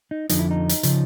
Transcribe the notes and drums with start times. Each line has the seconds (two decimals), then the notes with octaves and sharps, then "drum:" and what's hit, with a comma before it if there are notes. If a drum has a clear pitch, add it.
0.11 D#4
0.29 F2 D3 F3 D#4, drum: hi-hat
0.39 E4
0.51 D#4
0.69 drum: hi-hat
0.83 C#3 F3, drum: hi-hat